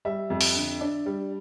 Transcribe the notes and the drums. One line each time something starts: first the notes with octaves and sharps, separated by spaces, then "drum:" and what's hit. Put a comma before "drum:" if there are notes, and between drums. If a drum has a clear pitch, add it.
G3 E5
F2
drum: open hi-hat
D3
D4
G3